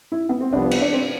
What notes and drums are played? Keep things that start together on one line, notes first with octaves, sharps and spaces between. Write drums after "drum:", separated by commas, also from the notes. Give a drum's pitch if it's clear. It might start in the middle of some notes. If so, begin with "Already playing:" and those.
E4
B3
C4
C2 C3 F3 B3 D4
drum: cymbal
D4
C4